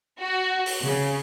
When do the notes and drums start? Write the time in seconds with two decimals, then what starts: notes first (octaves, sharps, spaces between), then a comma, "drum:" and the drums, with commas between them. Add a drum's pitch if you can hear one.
0.20 F#4
0.66 drum: open hi-hat
0.83 C#3